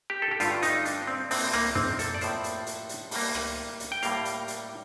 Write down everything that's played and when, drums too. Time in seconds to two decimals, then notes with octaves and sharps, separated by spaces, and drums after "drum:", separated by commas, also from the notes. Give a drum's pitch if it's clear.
0.10 G4
0.22 A4
0.31 G4
0.40 G2 D3 A3 F4, drum: hi-hat
0.54 F4
0.63 D#4, drum: hi-hat
0.85 D4, drum: hi-hat
1.07 C4
1.31 A2 F3 A#3 C4, drum: open hi-hat
1.53 A#3, drum: rim click
1.75 C4, drum: tom
1.99 A4, drum: hi-hat
2.14 D5
2.21 A2 F3 A#3 C5, drum: hi-hat
2.44 drum: hi-hat
2.67 drum: hi-hat
2.89 drum: hi-hat
3.11 A2 G3 A#3, drum: open hi-hat
3.35 drum: rim click
3.80 drum: hi-hat
3.92 G5
4.03 A2 G3 A#3 F5, drum: hi-hat
4.25 drum: hi-hat
4.48 drum: hi-hat